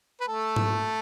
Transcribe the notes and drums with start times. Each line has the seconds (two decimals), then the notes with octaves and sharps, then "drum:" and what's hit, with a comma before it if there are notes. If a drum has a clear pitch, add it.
0.21 B4
0.28 A3 A4
0.56 drum: tom G#2